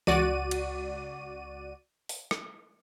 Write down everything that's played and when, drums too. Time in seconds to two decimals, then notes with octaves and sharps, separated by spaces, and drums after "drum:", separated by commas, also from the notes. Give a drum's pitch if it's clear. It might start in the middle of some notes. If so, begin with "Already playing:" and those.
0.07 C#2 F#4 D5 D#7, drum: tom E3
0.51 drum: cymbal
2.09 drum: open hi-hat
2.31 drum: rim click